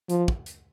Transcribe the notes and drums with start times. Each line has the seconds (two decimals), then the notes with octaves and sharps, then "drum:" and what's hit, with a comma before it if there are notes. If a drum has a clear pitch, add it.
0.09 F3, drum: hi-hat
0.28 drum: kick
0.46 drum: hi-hat